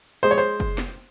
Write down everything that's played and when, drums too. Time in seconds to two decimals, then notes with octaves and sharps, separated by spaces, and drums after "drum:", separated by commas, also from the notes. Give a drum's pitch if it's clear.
0.23 G#3 C5
0.31 C#5
0.38 C5
0.60 drum: kick F#1
0.78 drum: snare